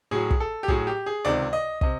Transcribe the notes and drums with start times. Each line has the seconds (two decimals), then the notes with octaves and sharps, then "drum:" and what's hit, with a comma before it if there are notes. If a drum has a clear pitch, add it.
0.11 A2 F#3 G#4
0.30 drum: kick
0.40 A4
0.63 G4
0.68 A2 F#3 G#4, drum: kick
0.87 G4
1.06 G#4
1.25 C#2 C3 D#3 D5
1.53 D#5
1.81 C3 D#5, drum: kick